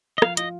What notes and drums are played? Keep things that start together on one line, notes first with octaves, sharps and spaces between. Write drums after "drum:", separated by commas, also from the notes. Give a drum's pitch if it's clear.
D#5
F3 F5, drum: rim click
F4 D#5, drum: hi-hat